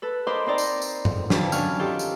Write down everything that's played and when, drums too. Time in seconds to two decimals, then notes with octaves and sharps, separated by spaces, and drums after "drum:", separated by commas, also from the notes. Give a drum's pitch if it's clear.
0.02 A4 B4
0.27 A#4 C5 D#5 B5 C6 D6
0.46 C4 D#4 C5 D5 A#5
0.58 drum: tambourine
0.82 drum: tambourine
1.05 drum: tom G#2
1.30 F2 D3 A5, drum: snare
1.52 F#3 C#4 D4 G#5 F6, drum: tambourine
1.79 D#3 F4 G4 A4
1.99 drum: tambourine